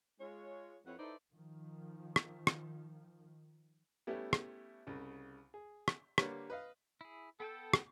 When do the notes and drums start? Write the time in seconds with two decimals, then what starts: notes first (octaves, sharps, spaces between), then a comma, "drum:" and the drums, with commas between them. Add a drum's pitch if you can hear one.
0.20 G#3 F4 C#5
0.86 F2 C4 E4 B4 C#5 F#5
0.99 D#4 E4 A4 B4 C5 D5
1.34 D#3 F3
2.16 drum: rim click
2.47 drum: rim click
4.07 G3 A3 B3 C#4 E4 G4
4.33 drum: rim click
4.87 C2 C#3
5.54 G#4
5.88 drum: rim click
6.18 D3 G3 A#3 B4 C#5, drum: rim click
6.50 B4 D#5 F5
7.01 E4 G#4
7.40 B3 A4 G5 G6
7.74 drum: rim click